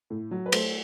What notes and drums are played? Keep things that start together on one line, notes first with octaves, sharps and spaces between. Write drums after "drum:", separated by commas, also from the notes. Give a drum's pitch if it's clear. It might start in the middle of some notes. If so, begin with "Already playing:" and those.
A2
F#3
B4
A3 C5, drum: cymbal